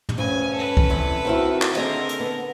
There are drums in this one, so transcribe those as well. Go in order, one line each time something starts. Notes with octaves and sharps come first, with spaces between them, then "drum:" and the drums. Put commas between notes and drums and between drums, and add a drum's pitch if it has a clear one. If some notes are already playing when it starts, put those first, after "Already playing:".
drum: tom
D2 G2 C#4 G#5
A4 B4
drum: kick C2
G2 C3 E3
D#3 C4 E4 F#4
drum: clap
D3 C4 G#4 A#4 D#5
drum: hi-hat
B3